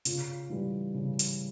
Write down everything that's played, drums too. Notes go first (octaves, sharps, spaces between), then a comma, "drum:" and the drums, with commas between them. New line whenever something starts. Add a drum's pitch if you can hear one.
C#3 F4, drum: hi-hat
E3 G3
C#3
drum: hi-hat